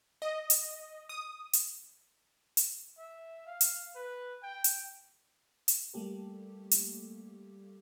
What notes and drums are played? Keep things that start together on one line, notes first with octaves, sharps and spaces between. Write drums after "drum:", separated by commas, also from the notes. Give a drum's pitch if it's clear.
D#5
drum: hi-hat
D#6
drum: hi-hat
drum: hi-hat
E5
F5
drum: hi-hat
B4
G5
drum: hi-hat
drum: hi-hat
G3 A3 A#3 G4 A4
drum: hi-hat